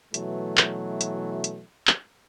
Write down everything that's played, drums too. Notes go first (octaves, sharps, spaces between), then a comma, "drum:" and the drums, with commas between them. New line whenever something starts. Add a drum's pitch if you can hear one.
B2 E3 F#3 A3, drum: hi-hat
drum: clap
drum: hi-hat
drum: hi-hat
drum: clap